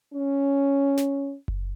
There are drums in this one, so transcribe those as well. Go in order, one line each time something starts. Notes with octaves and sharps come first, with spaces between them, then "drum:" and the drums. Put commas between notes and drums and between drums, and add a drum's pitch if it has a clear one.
C#4
drum: snare
drum: kick F#1